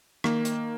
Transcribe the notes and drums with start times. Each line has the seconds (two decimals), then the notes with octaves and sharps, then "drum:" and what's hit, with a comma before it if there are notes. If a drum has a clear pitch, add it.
0.24 D#3 A#3, drum: rim click
0.45 drum: hi-hat